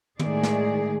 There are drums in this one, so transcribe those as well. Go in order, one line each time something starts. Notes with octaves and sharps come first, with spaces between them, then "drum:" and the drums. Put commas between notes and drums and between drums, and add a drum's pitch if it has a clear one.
A2 D#3 G#3 A3 G#4 D5, drum: tom
drum: snare